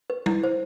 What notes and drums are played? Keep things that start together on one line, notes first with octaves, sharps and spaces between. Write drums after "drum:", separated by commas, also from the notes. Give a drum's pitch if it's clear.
B4
E4, drum: tom G3
C5